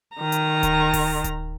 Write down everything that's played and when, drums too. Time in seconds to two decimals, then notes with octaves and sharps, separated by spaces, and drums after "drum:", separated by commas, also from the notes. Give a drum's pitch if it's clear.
0.17 D#3 A#5
0.32 drum: hi-hat
0.63 drum: kick D1, hi-hat
0.94 drum: kick D1, open hi-hat
1.24 drum: kick D1, hi-hat